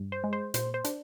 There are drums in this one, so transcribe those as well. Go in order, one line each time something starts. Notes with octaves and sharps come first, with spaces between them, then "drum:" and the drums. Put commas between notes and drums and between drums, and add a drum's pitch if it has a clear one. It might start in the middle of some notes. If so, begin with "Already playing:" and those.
Already playing: G2
C5
G#3
C5
A#2 C5, drum: hi-hat
C5
D4, drum: hi-hat